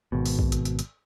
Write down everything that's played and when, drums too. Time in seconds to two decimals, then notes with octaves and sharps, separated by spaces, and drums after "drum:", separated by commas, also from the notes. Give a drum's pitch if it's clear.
0.12 G#1 B2
0.26 drum: open hi-hat
0.39 drum: kick A#1
0.52 drum: hi-hat
0.65 drum: hi-hat
0.79 drum: hi-hat